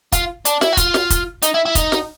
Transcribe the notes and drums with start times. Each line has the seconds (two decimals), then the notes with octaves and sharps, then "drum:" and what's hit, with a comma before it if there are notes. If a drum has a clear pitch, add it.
0.12 F4, drum: kick, hi-hat
0.45 D4, drum: hi-hat
0.61 E4, drum: snare
0.73 F#4
0.77 F4, drum: kick, hi-hat
0.94 drum: snare
1.10 drum: kick, hi-hat
1.42 D#4, drum: hi-hat
1.54 E4
1.65 E4
1.75 D#4, drum: kick, hi-hat
1.92 drum: snare